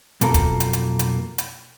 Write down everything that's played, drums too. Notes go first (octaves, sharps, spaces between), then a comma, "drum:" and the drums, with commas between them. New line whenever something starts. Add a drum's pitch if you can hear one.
B1 F2 A#3 A4 A#4, drum: hi-hat
drum: kick, hi-hat
drum: hi-hat
drum: hi-hat
drum: hi-hat
drum: hi-hat